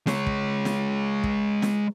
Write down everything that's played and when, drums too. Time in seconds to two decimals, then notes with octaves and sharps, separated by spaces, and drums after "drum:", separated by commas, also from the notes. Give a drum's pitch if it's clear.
0.07 G#3 C#5, drum: snare
0.26 drum: kick
0.65 drum: snare
1.24 drum: kick
1.62 drum: snare